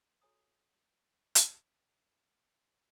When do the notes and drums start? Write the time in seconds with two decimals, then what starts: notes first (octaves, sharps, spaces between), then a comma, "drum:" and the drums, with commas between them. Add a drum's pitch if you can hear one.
0.21 F#4 A4 C#5 G#5 A#5 D#6
1.35 drum: hi-hat